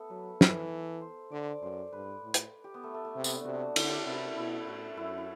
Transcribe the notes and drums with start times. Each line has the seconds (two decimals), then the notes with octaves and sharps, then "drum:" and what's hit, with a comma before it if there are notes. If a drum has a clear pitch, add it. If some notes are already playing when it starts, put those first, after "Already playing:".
Already playing: A3 B3 A4
0.10 F#3 B4
0.41 E3, drum: snare
1.01 C5
1.31 D3 D5
1.62 F#2 C5
1.93 G2 B4
2.23 A2
2.34 drum: hi-hat
2.64 G4
2.74 B3
2.84 A3
2.94 A3
3.05 A3
3.15 C3
3.24 B3, drum: tambourine
3.35 D4
3.45 C3 F#4
3.76 D3, drum: cymbal
3.88 G4
3.98 F#4
4.06 C3 E4
4.36 B2 E4
4.67 A2 F#4
4.97 F#2 E4
5.08 F#4
5.18 E4